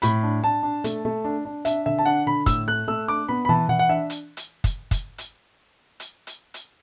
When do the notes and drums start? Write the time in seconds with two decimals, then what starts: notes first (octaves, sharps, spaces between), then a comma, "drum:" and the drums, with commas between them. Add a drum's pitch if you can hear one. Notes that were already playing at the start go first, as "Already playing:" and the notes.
0.02 A2 B5, drum: hi-hat
0.23 D4
0.43 D4 A5
0.63 D4
0.84 A3, drum: hi-hat
1.05 A3
1.24 D4
1.45 D4
1.65 D4 E5, drum: hi-hat
1.86 D3 E5
1.98 A5
2.06 D4 F#5
2.26 D3 B5
2.46 A2 E6, drum: kick, hi-hat
2.67 A3 F#6
2.88 A3 E6
3.08 D4 D6
3.29 B3 B5
3.45 B5
3.49 E3 A5
3.69 E3 F#5
3.79 F#5
3.89 D4 E5
4.10 drum: hi-hat
4.37 drum: hi-hat
4.64 drum: kick, hi-hat
4.91 drum: kick, hi-hat
5.18 drum: hi-hat
6.00 drum: hi-hat
6.27 drum: hi-hat
6.54 drum: hi-hat